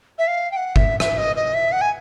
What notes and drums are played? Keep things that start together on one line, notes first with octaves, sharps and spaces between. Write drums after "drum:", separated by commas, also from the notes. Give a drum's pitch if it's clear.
E5
F5
G5
F#5
E5, drum: kick G1
E5, drum: rim click
D#5
D#5
E5
F#5
G#5